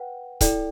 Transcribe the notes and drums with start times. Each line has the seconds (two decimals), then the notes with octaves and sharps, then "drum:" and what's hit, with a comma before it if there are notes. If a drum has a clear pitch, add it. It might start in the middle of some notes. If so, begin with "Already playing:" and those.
Already playing: B4 F#5 G5
0.41 E4 A4 D5 G5, drum: kick, hi-hat